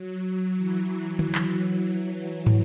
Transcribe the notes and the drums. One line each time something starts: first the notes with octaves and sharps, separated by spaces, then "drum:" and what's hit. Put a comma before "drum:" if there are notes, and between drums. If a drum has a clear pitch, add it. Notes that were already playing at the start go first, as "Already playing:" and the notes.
Already playing: F#3
E3
drum: tom D3
drum: clap
drum: tom